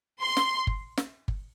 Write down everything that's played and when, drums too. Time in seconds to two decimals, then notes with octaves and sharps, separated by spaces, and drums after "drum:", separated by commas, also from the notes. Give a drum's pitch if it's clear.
0.22 C6
0.37 drum: snare
0.67 drum: kick G1
0.97 drum: snare
1.28 drum: kick G1